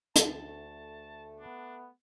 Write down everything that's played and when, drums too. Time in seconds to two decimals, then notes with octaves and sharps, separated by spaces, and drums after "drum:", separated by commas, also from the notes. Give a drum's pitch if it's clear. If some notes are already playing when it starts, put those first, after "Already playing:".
0.16 D2 A5, drum: hi-hat
0.48 A3
1.37 B3 D4